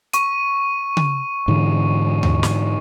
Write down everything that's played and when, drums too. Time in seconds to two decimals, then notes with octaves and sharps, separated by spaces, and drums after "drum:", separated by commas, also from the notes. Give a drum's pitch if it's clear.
0.13 C#6 D#7, drum: hi-hat
0.97 drum: tom C#3
1.48 G#2 D3 E3
2.23 drum: tom D#2
2.43 drum: snare